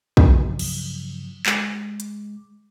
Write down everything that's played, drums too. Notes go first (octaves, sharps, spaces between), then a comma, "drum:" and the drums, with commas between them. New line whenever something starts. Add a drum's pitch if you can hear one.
G2 C#3 F3 F#3, drum: kick
drum: cymbal
G#3 D6, drum: clap
drum: hi-hat